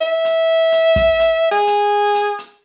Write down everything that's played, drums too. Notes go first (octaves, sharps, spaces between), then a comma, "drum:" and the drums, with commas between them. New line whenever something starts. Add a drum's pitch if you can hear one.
E5
drum: hi-hat
drum: hi-hat
drum: kick, hi-hat
drum: hi-hat
G#4
drum: hi-hat
drum: hi-hat
drum: hi-hat